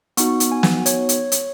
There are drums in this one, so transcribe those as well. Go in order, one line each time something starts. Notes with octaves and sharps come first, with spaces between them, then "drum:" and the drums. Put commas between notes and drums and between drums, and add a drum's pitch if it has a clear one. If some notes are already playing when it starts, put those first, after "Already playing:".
B3 D#4 F#4 C#6, drum: hi-hat
drum: hi-hat
G#5
drum: snare
C#5, drum: hi-hat
drum: hi-hat
drum: hi-hat